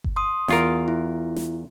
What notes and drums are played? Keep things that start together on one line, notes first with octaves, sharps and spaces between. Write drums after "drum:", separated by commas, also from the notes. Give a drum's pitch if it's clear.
drum: kick G1
C6 D#6
E2 F4 A#4, drum: snare
E4
drum: snare